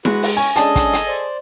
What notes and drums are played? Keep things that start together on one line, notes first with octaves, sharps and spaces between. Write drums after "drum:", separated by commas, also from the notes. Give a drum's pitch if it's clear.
G#3 F#4 B4, drum: snare E4
drum: open hi-hat
C#4 C#5 G#5
G#3 C#4 D4 G#4 A4 D#5 A5, drum: hi-hat
drum: kick, hi-hat
drum: hi-hat
C5 D5